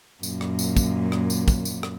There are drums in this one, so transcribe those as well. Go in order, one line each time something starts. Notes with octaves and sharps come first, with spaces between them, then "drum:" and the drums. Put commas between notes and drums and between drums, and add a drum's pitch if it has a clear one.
F#2 A#2, drum: tambourine
drum: rim click
drum: tambourine
drum: kick, tambourine
drum: rim click
drum: tambourine
drum: kick, tambourine
drum: tambourine
drum: rim click